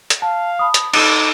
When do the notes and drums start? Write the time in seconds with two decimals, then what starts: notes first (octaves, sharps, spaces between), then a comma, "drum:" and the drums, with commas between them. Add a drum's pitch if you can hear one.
0.10 drum: hi-hat
0.22 F5 A5
0.59 A5 B5 D#6
0.74 drum: hi-hat
0.94 D#4 A4 D6 E7, drum: cymbal